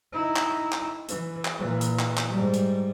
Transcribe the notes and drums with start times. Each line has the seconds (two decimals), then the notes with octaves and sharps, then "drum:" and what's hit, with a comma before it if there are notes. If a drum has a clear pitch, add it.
0.13 D#4 E4
0.36 drum: clap
0.72 drum: clap
1.09 E3, drum: hi-hat
1.45 drum: clap
1.59 A#2 E3
1.81 drum: hi-hat
1.99 drum: clap
2.17 drum: clap
2.32 G#2 G3
2.54 drum: hi-hat